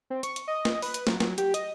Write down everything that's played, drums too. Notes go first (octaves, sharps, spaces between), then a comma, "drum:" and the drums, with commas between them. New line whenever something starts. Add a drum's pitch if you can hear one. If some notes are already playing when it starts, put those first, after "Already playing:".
C4
C#6, drum: hi-hat
drum: hi-hat
D#5
drum: snare
B4, drum: open hi-hat
drum: hi-hat
F#3, drum: snare
F#3, drum: snare
G4, drum: hi-hat
D#5, drum: hi-hat